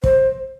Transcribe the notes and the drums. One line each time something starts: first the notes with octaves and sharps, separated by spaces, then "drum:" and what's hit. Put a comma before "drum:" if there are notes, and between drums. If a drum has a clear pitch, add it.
C5, drum: kick